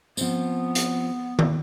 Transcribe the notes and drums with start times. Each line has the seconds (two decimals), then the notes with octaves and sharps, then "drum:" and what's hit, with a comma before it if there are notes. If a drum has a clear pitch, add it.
0.17 F3 B3 C4, drum: tambourine
0.75 drum: hi-hat
1.39 drum: tom D#3